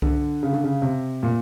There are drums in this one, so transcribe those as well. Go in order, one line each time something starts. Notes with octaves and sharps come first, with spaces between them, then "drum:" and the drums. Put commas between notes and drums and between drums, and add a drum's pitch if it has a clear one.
D3, drum: kick C2
C#3
D3
C#3
C3
A#2